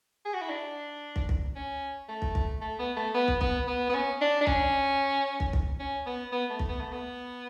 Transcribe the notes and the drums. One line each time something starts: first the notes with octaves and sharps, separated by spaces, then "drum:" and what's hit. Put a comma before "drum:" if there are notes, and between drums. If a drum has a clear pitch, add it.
G#4
F#4
E4
D4
drum: kick
drum: kick
C#4
A3
drum: kick
drum: kick
A3
B3
A3
B3
drum: kick
B3, drum: kick
B3
B3
C#4
D4
D4
C#4, drum: kick
drum: kick
drum: kick
C#4
B3
B3
A3
drum: kick
B3
A3
B3